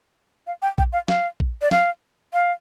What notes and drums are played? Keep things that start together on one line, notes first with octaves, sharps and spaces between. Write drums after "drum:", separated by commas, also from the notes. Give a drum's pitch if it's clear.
F5
G5
G5, drum: kick
F5
F5, drum: snare
drum: kick
D5
F5, drum: snare
F5